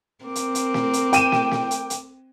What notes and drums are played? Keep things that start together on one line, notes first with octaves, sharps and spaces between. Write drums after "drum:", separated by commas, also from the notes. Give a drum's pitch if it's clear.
C4 A#4 D6
drum: hi-hat
drum: hi-hat
drum: snare
drum: hi-hat
G5 D#7 E7, drum: hi-hat
drum: snare
drum: snare
drum: hi-hat
drum: hi-hat